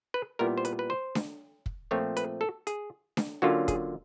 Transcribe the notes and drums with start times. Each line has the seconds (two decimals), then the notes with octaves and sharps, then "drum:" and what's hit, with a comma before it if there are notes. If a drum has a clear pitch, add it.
0.14 B4
0.39 A#2 G3 B3 E4 A#4
0.58 C5
0.65 B4, drum: hi-hat
0.79 B4
0.90 C5
1.15 drum: snare D4
1.66 drum: kick
1.91 A#2 F3 A3 C4 C#5
2.17 B4, drum: hi-hat
2.41 A4
2.67 G#4, drum: hi-hat
3.17 drum: snare D4
3.42 D3 F#3 A#3 C#4 F4 F#4
3.68 G#4, drum: kick, hi-hat